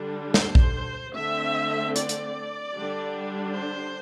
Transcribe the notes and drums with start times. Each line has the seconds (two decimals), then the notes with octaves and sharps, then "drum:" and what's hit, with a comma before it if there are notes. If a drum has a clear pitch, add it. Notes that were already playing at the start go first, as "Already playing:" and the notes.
Already playing: D3 G3 D4
0.34 C5, drum: snare
0.55 drum: kick A#1
1.15 D3 A3 C4 E5
1.96 D5, drum: hi-hat
2.09 drum: hi-hat
2.75 D3 G3 D4
3.55 C5